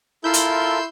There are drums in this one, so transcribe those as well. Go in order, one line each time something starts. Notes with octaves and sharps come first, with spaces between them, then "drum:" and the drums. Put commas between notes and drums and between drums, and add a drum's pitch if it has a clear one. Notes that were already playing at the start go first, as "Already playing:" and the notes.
E4 F4 A4 A#4 C6 E6 G6
drum: hi-hat